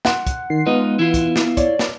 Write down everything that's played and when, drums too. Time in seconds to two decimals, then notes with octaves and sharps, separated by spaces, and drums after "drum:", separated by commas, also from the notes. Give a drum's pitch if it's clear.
0.05 F#5 C6, drum: snare
0.27 drum: kick, hi-hat
0.50 D#3 C7
0.66 G#3 B3 D#4 F4
0.99 E3 E4 F4
1.14 drum: kick, hi-hat
1.36 drum: snare
1.57 C#5 D5, drum: kick, hi-hat
1.79 drum: snare